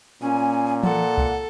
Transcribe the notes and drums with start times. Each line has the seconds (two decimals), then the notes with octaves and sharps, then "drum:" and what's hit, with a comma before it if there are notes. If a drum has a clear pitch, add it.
0.22 A#2 C#4 G#5
0.83 F4 A4 F#5, drum: tom E3
1.18 drum: kick C2